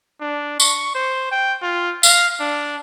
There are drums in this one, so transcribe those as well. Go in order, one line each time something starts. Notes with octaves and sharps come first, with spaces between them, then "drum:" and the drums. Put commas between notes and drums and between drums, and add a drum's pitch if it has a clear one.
D4
C#6, drum: tambourine
C5
G5
F4
F5, drum: tambourine
D4